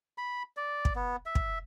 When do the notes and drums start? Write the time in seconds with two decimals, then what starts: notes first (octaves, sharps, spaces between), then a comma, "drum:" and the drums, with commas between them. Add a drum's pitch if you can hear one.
0.18 B5
0.57 D5
0.85 drum: kick
0.96 B3
1.26 E5
1.35 drum: kick